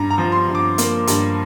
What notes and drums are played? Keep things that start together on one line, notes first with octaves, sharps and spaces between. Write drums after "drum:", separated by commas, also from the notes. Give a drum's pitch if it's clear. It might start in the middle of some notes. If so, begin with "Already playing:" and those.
Already playing: G2 A#5
A#5
F3
C6
G2
D6
A#3, drum: hi-hat
G2, drum: hi-hat